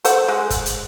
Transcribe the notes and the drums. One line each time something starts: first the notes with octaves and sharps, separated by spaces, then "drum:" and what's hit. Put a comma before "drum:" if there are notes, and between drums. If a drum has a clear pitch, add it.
A4 C5 F#5, drum: hi-hat
G#3
drum: kick, hi-hat
drum: hi-hat